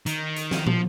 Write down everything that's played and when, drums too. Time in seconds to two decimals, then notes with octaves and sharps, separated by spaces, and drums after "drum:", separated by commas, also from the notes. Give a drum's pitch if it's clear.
0.06 D#3, drum: hi-hat
0.36 drum: hi-hat
0.51 drum: snare
0.67 F3, drum: tom